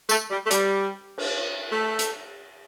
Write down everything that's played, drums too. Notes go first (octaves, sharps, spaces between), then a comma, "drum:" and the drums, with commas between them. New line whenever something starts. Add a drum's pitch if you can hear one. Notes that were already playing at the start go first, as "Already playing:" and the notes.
A3, drum: tambourine
G3
A3
G3, drum: hi-hat
drum: cymbal
A3
drum: hi-hat